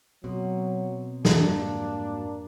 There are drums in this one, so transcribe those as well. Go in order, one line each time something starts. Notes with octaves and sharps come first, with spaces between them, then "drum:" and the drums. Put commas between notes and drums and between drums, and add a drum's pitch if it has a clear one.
B2 F#3 C4
F2 G#2 G3 A#3 D4 F#4 A#5, drum: snare